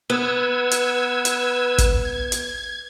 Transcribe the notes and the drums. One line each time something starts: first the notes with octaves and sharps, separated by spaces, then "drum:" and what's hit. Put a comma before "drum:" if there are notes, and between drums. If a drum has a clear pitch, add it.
B3 B4 E6 G#6
drum: hi-hat
drum: hi-hat
drum: kick, hi-hat
G#6
drum: hi-hat